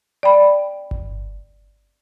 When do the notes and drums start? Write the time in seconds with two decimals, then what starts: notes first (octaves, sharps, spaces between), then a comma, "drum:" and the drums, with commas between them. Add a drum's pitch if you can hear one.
0.23 D5 G5 B5
0.91 drum: kick G1